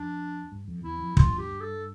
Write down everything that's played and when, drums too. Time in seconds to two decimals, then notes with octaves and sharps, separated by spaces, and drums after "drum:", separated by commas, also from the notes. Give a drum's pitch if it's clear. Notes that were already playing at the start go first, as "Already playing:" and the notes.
Already playing: F2 D4
0.52 G2
0.68 F2
0.84 E2 E4
1.00 F2
1.17 G2 F4, drum: kick
1.38 G4
1.60 A4